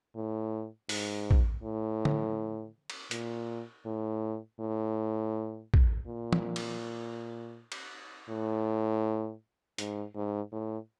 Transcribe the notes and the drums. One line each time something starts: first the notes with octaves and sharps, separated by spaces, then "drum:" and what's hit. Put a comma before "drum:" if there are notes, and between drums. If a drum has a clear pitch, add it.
A2
G#2, drum: open hi-hat
drum: kick
A2
drum: tom D3
drum: cymbal
A#2, drum: hi-hat
A2
A2
drum: kick
A#2
drum: tom
drum: cymbal
drum: cymbal
A2
G#2, drum: hi-hat
G#2
A2